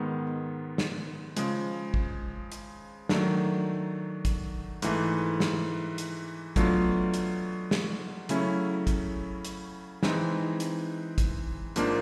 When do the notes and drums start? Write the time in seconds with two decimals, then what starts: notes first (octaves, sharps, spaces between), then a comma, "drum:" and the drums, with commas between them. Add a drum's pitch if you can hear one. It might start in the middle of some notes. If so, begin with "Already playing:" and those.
Already playing: G#2 D#3 G#3 B3
0.78 drum: snare
1.37 C#3 F3 G#3, drum: hi-hat
1.94 drum: kick
2.52 drum: hi-hat
3.09 D#3 F#3 A3 D4, drum: snare
4.25 drum: kick, hi-hat
4.82 G#2 E3 A3, drum: hi-hat
5.40 drum: snare
5.98 drum: hi-hat
6.56 B2 F#3 A3 D4 F4, drum: kick, hi-hat
7.14 drum: hi-hat
7.71 drum: snare
8.29 C#3 F#3 A3 C#4 E4, drum: hi-hat
8.87 drum: kick, hi-hat
9.45 drum: hi-hat
10.03 E3 G#3 C4 D#4, drum: snare
10.60 drum: hi-hat
11.18 drum: kick, hi-hat
11.76 G#2 F3 A#3 D4, drum: hi-hat